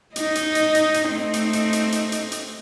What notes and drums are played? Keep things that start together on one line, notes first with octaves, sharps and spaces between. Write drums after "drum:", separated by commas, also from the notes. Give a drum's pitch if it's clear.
D#4 D#5, drum: hi-hat
drum: hi-hat
drum: hi-hat
drum: hi-hat
drum: hi-hat
A3 C4 D#4
drum: hi-hat
drum: hi-hat
drum: hi-hat
drum: hi-hat
drum: hi-hat
drum: hi-hat